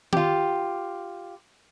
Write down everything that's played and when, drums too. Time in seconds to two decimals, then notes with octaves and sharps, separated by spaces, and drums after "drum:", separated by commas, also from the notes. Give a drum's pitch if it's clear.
0.13 F4 G4, drum: tom D#3